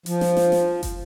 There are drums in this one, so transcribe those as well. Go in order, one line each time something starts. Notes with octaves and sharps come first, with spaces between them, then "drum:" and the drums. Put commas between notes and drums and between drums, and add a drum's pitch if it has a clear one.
F3, drum: hi-hat
drum: snare
drum: snare
drum: snare
drum: kick, hi-hat